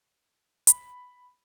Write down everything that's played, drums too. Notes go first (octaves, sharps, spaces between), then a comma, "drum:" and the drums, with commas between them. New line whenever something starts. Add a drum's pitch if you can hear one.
B5, drum: hi-hat